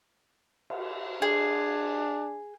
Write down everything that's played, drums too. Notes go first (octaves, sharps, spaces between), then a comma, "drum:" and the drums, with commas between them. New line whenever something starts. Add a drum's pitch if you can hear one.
drum: cymbal
D4 G#4